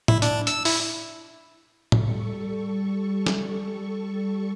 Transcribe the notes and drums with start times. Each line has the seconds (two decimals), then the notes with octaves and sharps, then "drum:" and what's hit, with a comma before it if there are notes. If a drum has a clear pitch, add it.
0.08 E4, drum: tom A2
0.22 D4, drum: hi-hat
0.47 E6, drum: hi-hat
0.65 E4, drum: open hi-hat
1.92 G3 A4 C#6, drum: tom A2
3.27 drum: snare